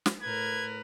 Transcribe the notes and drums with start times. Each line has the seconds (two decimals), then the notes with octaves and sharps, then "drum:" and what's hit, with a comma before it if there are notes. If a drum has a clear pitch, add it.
0.06 drum: snare
0.23 A2 A#4 B4 G#6